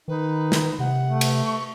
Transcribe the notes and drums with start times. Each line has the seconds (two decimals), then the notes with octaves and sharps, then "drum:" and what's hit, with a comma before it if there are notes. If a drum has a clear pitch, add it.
0.08 D#3 D#4 B4
0.52 drum: snare
0.79 C3 F#5
1.06 A3
1.21 drum: cymbal
1.44 C#6